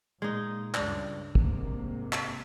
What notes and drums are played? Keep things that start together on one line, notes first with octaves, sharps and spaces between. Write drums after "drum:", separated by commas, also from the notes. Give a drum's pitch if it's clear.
A#2 G#3 D#4
C#2 G2 D4, drum: clap
G#2 C3 A#3, drum: kick
drum: clap